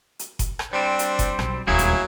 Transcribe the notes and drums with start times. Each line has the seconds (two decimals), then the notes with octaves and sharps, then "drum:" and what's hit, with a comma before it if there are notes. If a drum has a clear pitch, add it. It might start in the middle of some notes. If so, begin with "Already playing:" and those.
0.19 drum: hi-hat
0.39 drum: kick F#1, hi-hat
0.59 drum: rim click
0.73 G3 C4 D4 C5
0.99 drum: hi-hat
1.19 drum: kick F#1, hi-hat
1.39 B1, drum: rim click
1.67 D#1 D2 F#3 A#3 E4 G#4
1.79 drum: hi-hat